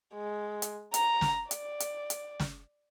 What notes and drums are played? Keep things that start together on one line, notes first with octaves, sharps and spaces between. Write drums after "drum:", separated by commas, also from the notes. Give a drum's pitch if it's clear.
G#3
drum: hi-hat
A#5, drum: hi-hat
drum: snare
D5, drum: hi-hat
drum: hi-hat
drum: hi-hat
drum: snare